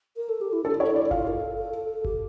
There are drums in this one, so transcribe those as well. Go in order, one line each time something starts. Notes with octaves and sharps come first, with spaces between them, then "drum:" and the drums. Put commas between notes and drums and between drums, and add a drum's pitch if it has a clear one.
A#4
A4
G4
E4
D4 A4
C#5
E4
D5
F4 F5, drum: kick G1
A#4
A4
A4
A4
A4
G4, drum: kick G1